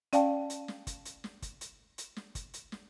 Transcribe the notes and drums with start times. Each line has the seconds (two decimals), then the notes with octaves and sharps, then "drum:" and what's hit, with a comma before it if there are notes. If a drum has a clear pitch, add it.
0.13 C#4 D5 F5 G5 A5, drum: hi-hat
0.50 drum: hi-hat
0.68 drum: snare
0.87 drum: kick G1, hi-hat
1.05 drum: hi-hat
1.24 drum: snare
1.42 drum: kick G1, hi-hat
1.61 drum: hi-hat
1.98 drum: hi-hat
2.16 drum: snare
2.35 drum: kick G1, hi-hat
2.54 drum: hi-hat
2.72 drum: snare